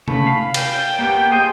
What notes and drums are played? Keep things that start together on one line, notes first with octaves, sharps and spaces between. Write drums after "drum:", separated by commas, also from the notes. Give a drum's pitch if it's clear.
C#3 A3 B5, drum: tom C3
F5
G5, drum: cymbal
A#3 B3 G4
G#4 C5 D#5 G6